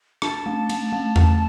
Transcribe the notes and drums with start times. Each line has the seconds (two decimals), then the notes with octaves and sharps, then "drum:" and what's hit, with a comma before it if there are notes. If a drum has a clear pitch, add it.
0.22 D4 A5, drum: rim click
0.46 A3
0.69 A3, drum: cymbal
0.92 A3
1.16 A3, drum: tom E2